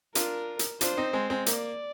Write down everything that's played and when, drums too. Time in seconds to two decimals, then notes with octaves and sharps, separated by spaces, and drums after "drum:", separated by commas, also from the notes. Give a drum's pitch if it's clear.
0.15 D4 F4 A#4, drum: hi-hat
0.59 drum: hi-hat
0.81 D4 F4 C5, drum: hi-hat
0.97 C4 D#4
1.13 G#3 C4
1.30 G#3 C4
1.46 A#3 D5, drum: hi-hat